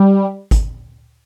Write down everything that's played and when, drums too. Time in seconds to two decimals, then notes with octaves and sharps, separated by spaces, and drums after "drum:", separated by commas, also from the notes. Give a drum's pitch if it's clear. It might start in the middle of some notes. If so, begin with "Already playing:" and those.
Already playing: G3
0.51 drum: kick G#1, hi-hat